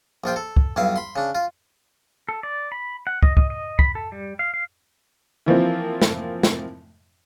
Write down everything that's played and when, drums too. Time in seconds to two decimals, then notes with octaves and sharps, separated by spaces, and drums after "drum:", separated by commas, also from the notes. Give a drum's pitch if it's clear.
0.24 A#1 F3 F4 G5
0.36 A4
0.57 drum: kick
0.76 B1 G2 E4 F5
0.96 B5 C6
1.16 C#3 D4
1.35 F4
2.29 A4
2.43 D5
2.72 B5
3.07 F#5
3.23 D#5, drum: kick
3.37 D#5, drum: kick
3.50 D#5
3.79 B5, drum: kick
3.95 A4
4.12 G3
4.39 F5
4.54 F5
5.46 E3 F3 A#3 C4
6.02 drum: snare
6.43 drum: snare